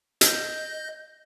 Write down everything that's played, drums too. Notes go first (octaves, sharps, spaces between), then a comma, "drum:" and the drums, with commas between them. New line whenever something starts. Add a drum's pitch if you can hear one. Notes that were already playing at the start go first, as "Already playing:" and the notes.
D#5 G6, drum: hi-hat